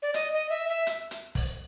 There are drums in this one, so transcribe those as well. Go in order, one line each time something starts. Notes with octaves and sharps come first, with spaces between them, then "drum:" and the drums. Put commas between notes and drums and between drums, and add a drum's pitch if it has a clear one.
D5
D#5, drum: hi-hat
D#5
E5
E5
drum: hi-hat
drum: hi-hat
drum: kick, open hi-hat